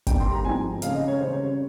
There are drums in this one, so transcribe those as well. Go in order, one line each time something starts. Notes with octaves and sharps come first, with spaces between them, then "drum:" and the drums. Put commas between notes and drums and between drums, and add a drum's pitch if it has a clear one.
G2 D#3 G3 G5, drum: kick G1, hi-hat
C6
A#5
G#2 F3 C4 G#5
C#3 G#3 C#4 F5, drum: hi-hat
D#5
C#5
C#3 G3 C#4 C5
C#5
C#5